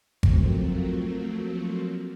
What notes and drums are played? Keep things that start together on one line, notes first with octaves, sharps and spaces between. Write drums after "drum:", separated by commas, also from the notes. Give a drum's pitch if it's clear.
F3 F#3 A3 A#3 C4, drum: kick G#1